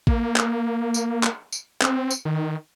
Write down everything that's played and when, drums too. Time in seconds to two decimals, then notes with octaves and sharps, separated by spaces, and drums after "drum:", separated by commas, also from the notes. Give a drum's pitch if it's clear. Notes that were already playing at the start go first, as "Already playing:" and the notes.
0.07 A#3, drum: kick
0.36 drum: clap
0.94 drum: tambourine
1.23 drum: clap
1.52 drum: tambourine
1.82 C4, drum: clap
2.11 drum: tambourine
2.25 D#3